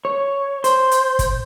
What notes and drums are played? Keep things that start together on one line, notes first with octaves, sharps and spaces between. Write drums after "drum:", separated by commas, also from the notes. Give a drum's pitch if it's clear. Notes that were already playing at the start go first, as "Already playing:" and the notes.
C#5
C5, drum: hi-hat
drum: hi-hat
drum: kick, hi-hat